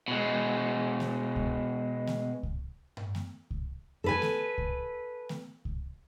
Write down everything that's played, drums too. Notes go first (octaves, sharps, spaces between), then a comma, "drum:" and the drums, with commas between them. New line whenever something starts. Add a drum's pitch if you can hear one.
B2 G#3
drum: snare A3
drum: kick C2
drum: snare A3
drum: kick C2
drum: tom G2
drum: snare A3
drum: kick C2
A4 B4 G#5
drum: snare A3
drum: kick C2
drum: snare A3
drum: kick C2